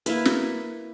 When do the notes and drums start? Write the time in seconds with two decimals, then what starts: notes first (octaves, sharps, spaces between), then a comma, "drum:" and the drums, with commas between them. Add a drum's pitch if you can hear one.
0.06 A#3 E4 B4, drum: hi-hat
0.25 drum: snare